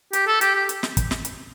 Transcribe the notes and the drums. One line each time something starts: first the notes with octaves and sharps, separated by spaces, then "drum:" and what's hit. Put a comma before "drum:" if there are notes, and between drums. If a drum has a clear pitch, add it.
G4, drum: hi-hat
A4
G4, drum: hi-hat
G4
drum: hi-hat
drum: snare
drum: kick, hi-hat
drum: snare
drum: hi-hat